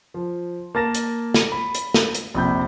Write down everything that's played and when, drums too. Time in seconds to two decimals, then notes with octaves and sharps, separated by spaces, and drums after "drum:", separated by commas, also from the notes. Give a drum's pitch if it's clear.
0.14 F3
0.75 A#3 A5 A6 A#6 E7
0.94 drum: hi-hat
1.34 drum: snare
1.52 B5
1.74 drum: hi-hat
1.94 drum: snare
2.14 drum: hi-hat
2.34 A#1 F2 C3 B5 G6